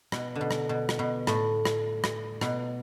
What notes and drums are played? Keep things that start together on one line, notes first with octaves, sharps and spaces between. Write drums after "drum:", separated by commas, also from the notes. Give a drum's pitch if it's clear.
B2, drum: rim click
D3
B2
drum: rim click
B2
drum: rim click
B2
A2, drum: rim click
drum: rim click
drum: rim click
B2, drum: rim click